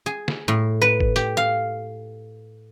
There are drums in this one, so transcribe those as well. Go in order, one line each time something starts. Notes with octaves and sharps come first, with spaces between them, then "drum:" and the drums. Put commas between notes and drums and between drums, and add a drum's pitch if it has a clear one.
G#4
drum: snare
A2
B4
drum: kick
G4, drum: hi-hat
F5